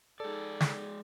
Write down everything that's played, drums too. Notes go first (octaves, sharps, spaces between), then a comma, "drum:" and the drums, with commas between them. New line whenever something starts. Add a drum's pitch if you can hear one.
G#3 D#4 G#4 A4 D5
drum: snare